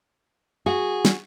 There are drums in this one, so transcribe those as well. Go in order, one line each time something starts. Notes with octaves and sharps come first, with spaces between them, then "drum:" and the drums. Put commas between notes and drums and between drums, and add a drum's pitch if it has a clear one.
F#4 G#4
drum: snare